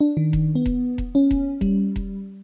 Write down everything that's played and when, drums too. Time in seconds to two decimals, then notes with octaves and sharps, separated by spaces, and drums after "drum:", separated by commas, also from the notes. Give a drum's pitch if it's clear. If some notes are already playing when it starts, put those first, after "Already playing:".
0.01 D4
0.17 D#3
0.33 drum: kick E1
0.55 B3
0.66 drum: kick E1
0.98 drum: kick E1
1.15 C#4
1.31 drum: kick E1
1.61 G3, drum: kick E1
1.96 drum: kick E1